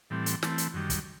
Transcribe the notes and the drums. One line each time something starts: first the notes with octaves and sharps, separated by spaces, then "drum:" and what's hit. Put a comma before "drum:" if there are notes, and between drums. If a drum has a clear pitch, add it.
A2 E3 G3 C4
drum: hi-hat
E3 A3 C4, drum: snare
drum: hi-hat
F#2 D#3 G3
drum: kick, hi-hat